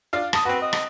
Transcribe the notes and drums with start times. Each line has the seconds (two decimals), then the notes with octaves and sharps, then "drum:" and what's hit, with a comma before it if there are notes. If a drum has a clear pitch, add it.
0.13 D4 F4 F5
0.33 A5 D#6, drum: rim click
0.45 C4 F#4 B4
0.62 D#5
0.73 drum: rim click